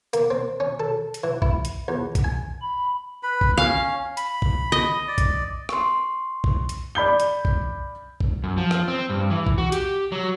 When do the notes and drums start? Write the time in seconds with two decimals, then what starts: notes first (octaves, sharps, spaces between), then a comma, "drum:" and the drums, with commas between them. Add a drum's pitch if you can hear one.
0.13 A#3, drum: hi-hat
0.31 C4
0.60 C#4
0.80 A4
1.14 drum: hi-hat
1.24 E3
1.42 E4, drum: kick
1.65 drum: hi-hat
1.88 E2
2.15 drum: kick, hi-hat
2.24 G#5
2.62 B5
3.23 B4 B5
3.41 drum: kick
3.58 C#4 F5
4.17 B5, drum: hi-hat
4.42 drum: kick
4.72 D#5
5.08 D5
5.18 drum: kick, hi-hat
5.69 C6 C#6, drum: rim click
6.44 drum: kick
6.69 drum: hi-hat
6.95 D5 B5 G6 G7
7.20 drum: hi-hat
7.45 drum: kick
8.20 drum: kick
8.44 F#2
8.58 F3
8.71 drum: rim click
8.88 C4
9.10 G2
9.30 E3
9.47 drum: kick
9.58 F#4
9.72 G4, drum: hi-hat
10.12 F#3